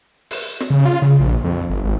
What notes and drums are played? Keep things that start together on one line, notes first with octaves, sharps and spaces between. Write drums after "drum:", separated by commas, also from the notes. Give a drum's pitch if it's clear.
drum: open hi-hat
drum: snare
C#3
F4
C#3
A#1
F2
G1
G#1